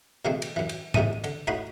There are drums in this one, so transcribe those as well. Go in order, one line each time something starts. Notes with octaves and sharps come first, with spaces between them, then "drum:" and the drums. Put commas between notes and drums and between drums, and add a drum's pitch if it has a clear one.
B2 D#3 G#3 A3 C4
drum: cymbal
F#2 E3
drum: cymbal
E2 G#2 C3 A3 D#6, drum: tom G#2
D3, drum: cymbal
A2 D#4 F#4 B5 C6